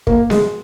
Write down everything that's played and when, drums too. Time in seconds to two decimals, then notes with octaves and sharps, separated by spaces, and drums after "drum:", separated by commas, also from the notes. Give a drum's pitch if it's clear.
0.07 A#3, drum: kick
0.30 G#3, drum: snare B3